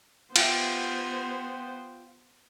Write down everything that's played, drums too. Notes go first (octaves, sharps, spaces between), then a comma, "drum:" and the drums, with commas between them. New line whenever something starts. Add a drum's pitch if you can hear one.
B3 F4 G4 C5 E5, drum: cymbal